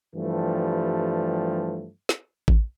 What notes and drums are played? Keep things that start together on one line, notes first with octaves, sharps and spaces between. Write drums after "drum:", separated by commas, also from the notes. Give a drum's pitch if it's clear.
G2 E3 F3 G3 A3
drum: snare
drum: kick A1